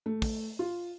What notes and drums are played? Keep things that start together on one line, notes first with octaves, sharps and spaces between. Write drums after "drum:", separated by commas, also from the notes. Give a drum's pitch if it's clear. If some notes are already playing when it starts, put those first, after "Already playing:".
A3
drum: kick, open hi-hat
F4